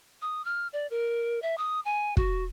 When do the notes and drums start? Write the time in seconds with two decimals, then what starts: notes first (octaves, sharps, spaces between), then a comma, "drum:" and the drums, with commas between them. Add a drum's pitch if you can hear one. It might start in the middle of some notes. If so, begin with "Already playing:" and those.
0.22 D#6
0.45 F6
0.73 D5
0.91 A#4
1.42 E5
1.58 D#6
1.85 G#5
2.17 F#4, drum: kick